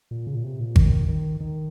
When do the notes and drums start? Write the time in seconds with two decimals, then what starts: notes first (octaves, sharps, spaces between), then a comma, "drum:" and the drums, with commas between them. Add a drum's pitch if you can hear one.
0.11 A#2
0.27 C#3
0.35 A#2
0.44 C3
0.60 A#2
0.76 D#3, drum: kick G#1
1.08 D#3
1.40 D#3